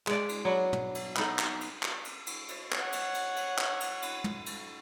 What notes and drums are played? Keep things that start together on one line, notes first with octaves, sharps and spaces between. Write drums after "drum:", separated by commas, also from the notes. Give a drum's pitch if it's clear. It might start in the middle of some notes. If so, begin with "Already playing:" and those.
G#3 D5, drum: clap
drum: cymbal
F#3 B3 D4
drum: tom
drum: cymbal
B3 D#4 A4, drum: clap
drum: clap
drum: cymbal
drum: clap
drum: cymbal
drum: cymbal
drum: cymbal
C#5 F#5, drum: clap
drum: cymbal
drum: cymbal
drum: cymbal
drum: clap
drum: cymbal
drum: cymbal
drum: tom
drum: cymbal